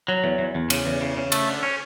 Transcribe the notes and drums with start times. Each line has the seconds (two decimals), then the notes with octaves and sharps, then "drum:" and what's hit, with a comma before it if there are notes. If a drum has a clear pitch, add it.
0.08 F#3
0.24 E2
0.39 E2
0.55 E2
0.70 C#3, drum: cymbal
0.86 E2
1.01 C#3
1.17 C#3
1.32 A3, drum: cymbal
1.48 D3
1.63 C#4